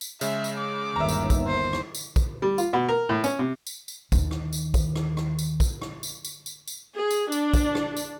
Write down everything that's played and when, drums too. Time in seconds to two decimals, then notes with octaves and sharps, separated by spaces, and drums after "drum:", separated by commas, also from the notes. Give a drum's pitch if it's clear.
0.01 drum: tambourine
0.21 C#3 G#3 E5, drum: tambourine
0.44 drum: tambourine
0.59 D6
0.96 G1 D#2 D#3 E5 A#5
1.09 drum: tambourine
1.30 drum: kick, tambourine
1.47 C5
1.73 drum: rim click
1.95 drum: tambourine
2.16 drum: kick, tambourine
2.42 G3
2.58 F4, drum: tambourine
2.73 B2
2.89 A#4
3.09 A2
3.24 C#4, drum: tambourine
3.39 C3
3.67 drum: tambourine
3.88 drum: tambourine
4.12 D#2 D#3, drum: kick, tambourine
4.31 drum: rim click
4.53 drum: tambourine
4.74 drum: kick, tambourine
4.96 drum: rim click
5.17 drum: rim click
5.39 drum: tambourine
5.60 drum: kick, tambourine
5.82 drum: rim click
6.03 drum: tambourine
6.25 drum: tambourine
6.46 drum: tambourine
6.68 drum: tambourine
6.95 G#4
7.11 drum: tambourine
7.32 D4, drum: tambourine
7.54 drum: kick, tambourine
7.75 drum: rim click
7.97 drum: tambourine